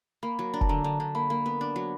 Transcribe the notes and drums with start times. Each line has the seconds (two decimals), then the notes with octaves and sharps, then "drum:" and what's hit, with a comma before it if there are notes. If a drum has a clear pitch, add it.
0.23 A#3 B5
0.39 F#3
0.54 D4 A#5
0.61 A5, drum: kick
0.69 D3 A#5
0.84 D3 A5
1.00 D3
1.15 A#3 B5
1.30 A#3
1.46 B3
1.61 D4
1.76 F#3